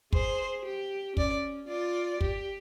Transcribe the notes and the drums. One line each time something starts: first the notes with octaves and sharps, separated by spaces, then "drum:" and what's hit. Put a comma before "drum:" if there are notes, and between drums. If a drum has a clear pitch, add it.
G#4 C5, drum: kick
G4
C#4 D5, drum: kick
F4 D5
G4, drum: kick